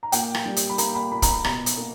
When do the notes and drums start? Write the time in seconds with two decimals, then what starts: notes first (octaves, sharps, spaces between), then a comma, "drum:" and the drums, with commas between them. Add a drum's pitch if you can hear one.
0.03 A#5
0.12 A#2 G5, drum: hi-hat
0.35 drum: rim click
0.46 G3
0.56 drum: hi-hat
0.70 B5
0.78 A#3 A#5, drum: hi-hat
0.95 B5
1.11 A#2 B5
1.22 A#5, drum: kick, hi-hat
1.28 B5
1.44 B2 A#5, drum: rim click
1.66 drum: hi-hat
1.77 A#3